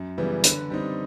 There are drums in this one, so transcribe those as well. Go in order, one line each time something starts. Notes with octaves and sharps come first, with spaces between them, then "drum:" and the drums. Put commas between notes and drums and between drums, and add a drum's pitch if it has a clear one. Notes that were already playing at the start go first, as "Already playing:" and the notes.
Already playing: F#2
C#3 E3 G3 B3
D3 B4, drum: hi-hat
G3 C4 D#4